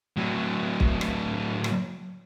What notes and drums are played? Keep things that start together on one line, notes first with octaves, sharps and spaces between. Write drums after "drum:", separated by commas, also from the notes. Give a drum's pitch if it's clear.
A2 F#3
drum: kick
drum: rim click
drum: rim click